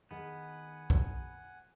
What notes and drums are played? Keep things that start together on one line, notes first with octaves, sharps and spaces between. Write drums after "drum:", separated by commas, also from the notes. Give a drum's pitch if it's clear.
D#3 B3 G#4 D#5 F#5 G#5
drum: kick